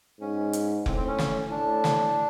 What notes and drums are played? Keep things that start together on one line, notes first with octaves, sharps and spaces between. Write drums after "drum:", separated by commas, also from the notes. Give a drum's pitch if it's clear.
G#2 C#4
drum: hi-hat
A2 C4, drum: kick F1
C4
C#4
drum: snare
A2 D4
drum: snare